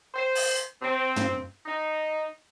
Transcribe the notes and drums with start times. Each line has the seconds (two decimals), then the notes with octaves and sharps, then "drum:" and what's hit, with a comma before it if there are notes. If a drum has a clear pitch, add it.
0.15 C5
0.35 drum: open hi-hat
0.82 C4
1.16 drum: tom
1.66 D#4